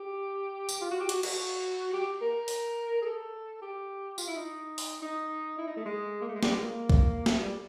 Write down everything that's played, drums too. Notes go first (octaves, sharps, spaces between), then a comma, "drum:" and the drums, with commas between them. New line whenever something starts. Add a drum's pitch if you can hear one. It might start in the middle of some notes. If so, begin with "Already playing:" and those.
Already playing: G4
drum: tambourine
F4
F#4
G4
F#4, drum: hi-hat
F#4, drum: cymbal
G4
A#4
drum: open hi-hat
G#4
A4
G4
F4, drum: tambourine
E4
D#4
drum: open hi-hat
D#4
E4
D#4
A3
G#3
A#3
A3
G#3
G3, drum: snare
G#3
A#3
drum: kick B1
A3, drum: snare
G3